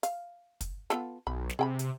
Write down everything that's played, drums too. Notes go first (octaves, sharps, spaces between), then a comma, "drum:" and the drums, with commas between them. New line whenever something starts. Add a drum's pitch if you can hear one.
F5, drum: hi-hat
drum: kick, hi-hat
B3 F4 A4, drum: snare
B1 B5
drum: snare
C3 G#4 G5 B5
drum: hi-hat